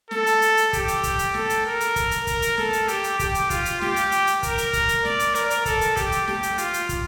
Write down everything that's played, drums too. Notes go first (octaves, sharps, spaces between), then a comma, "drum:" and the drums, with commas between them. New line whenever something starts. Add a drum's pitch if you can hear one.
A4, drum: snare
drum: hi-hat
drum: hi-hat
drum: hi-hat
G4, drum: kick, hi-hat
drum: hi-hat
drum: kick, hi-hat
drum: hi-hat
A4, drum: snare
drum: hi-hat
A#4
drum: hi-hat
drum: kick, hi-hat
drum: hi-hat
A#4, drum: kick, hi-hat
drum: hi-hat
A4, drum: snare
drum: hi-hat
G4, drum: hi-hat
drum: hi-hat
G4, drum: kick, hi-hat
drum: hi-hat
F4, drum: kick, hi-hat
drum: hi-hat
G4, drum: snare
drum: hi-hat
drum: hi-hat
drum: hi-hat
A#4, drum: kick, hi-hat
drum: hi-hat
drum: kick, hi-hat
drum: hi-hat
D5, drum: snare
drum: hi-hat
A#4, drum: hi-hat
drum: hi-hat
A4, drum: kick, hi-hat
drum: hi-hat
G4, drum: kick, hi-hat
drum: hi-hat
G4, drum: snare
drum: hi-hat
F4, drum: hi-hat
drum: hi-hat
drum: kick, hi-hat